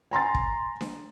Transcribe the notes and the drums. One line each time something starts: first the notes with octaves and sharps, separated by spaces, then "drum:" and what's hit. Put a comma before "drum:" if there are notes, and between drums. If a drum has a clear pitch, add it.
G#5 A#5 C6 A6
drum: kick
drum: snare D4